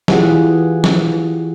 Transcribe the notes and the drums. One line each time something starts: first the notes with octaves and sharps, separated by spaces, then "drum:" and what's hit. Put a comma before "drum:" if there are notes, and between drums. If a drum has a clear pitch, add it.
E3 F4 G4 G#4 F#5, drum: snare
drum: snare